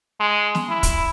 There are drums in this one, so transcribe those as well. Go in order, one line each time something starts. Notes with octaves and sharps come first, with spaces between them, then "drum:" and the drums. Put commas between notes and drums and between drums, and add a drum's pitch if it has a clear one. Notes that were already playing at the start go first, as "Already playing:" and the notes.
G#3
drum: snare
E4
drum: kick, hi-hat